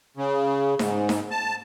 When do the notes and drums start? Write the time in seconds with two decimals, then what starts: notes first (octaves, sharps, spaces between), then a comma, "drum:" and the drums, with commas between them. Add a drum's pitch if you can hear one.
0.17 C#3
0.79 G#2, drum: snare D#4
1.09 drum: snare D#4
1.31 A5